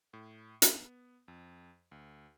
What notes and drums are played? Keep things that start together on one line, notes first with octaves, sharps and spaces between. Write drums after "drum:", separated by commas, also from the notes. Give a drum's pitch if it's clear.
A2
B3, drum: hi-hat
F2
D2